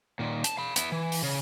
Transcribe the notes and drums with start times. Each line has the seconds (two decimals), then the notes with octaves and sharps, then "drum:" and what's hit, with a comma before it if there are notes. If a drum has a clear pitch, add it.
0.19 A#2 D#3
0.44 A5, drum: hi-hat
0.57 F5 B5
0.76 B3 E4, drum: hi-hat
0.92 E3
1.12 drum: open hi-hat
1.23 C#3